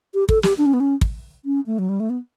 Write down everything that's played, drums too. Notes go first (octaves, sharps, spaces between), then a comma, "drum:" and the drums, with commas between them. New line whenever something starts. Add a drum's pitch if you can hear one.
G4
A4, drum: kick
G4, drum: snare
D4
C#4
B3
C#4
drum: kick
C#4
A3
F#3
G3
A3
B3